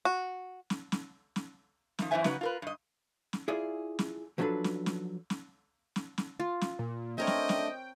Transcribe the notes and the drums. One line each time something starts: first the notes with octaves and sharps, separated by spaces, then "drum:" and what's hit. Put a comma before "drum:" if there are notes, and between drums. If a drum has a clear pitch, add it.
F#4
drum: snare
drum: snare
drum: snare
C3 D#3 F3, drum: snare
F#2 E3 A3 C5 E5 G#5
C#3 F#3 D#4 F#4 B4, drum: snare
F4 A#4 B4
G2 D#5
drum: snare
E4 F4 G#4 D5
drum: snare
F3 F#3 B3 D4 A4 B4
drum: snare
drum: snare
drum: snare
drum: snare
drum: snare
F4
drum: snare
A#2
A3 C4 D4 A#4 C#5 D#5 G5
drum: snare
drum: snare